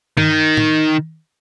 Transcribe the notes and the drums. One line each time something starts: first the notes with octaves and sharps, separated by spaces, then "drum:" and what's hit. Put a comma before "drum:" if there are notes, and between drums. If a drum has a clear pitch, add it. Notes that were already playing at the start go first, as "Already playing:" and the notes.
D#3, drum: tom G2
drum: tom A2